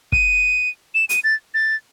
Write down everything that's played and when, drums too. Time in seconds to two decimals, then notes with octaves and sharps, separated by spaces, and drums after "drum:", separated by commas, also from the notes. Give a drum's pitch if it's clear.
0.12 D#7, drum: kick
0.94 E7
1.09 D#7, drum: hi-hat
1.24 A6
1.54 A6